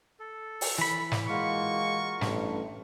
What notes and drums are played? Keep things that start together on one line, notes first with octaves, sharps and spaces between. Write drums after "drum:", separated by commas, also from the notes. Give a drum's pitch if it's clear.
A4
drum: open hi-hat
E3 B5
drum: snare
G#3 A#3 F4 F#4 C#6
A1 G2, drum: snare